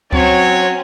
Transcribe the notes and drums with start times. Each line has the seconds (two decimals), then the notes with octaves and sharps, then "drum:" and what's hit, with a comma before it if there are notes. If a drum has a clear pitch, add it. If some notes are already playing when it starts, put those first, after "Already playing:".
0.13 F#3 C4 C#4 C#5, drum: kick C#2